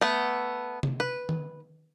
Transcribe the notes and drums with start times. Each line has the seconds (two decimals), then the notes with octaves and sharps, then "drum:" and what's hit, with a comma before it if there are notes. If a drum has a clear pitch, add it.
0.01 A3 B3
0.83 drum: tom C3
1.00 B4
1.29 drum: tom D#3